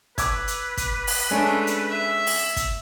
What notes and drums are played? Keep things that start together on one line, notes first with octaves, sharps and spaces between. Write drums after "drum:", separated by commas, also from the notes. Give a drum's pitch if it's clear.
B4 D6 E6 G#6, drum: kick, hi-hat
drum: hi-hat
drum: kick, hi-hat
drum: open hi-hat
G#3 A3 C#4 D4
drum: hi-hat
E5
drum: open hi-hat
drum: kick, hi-hat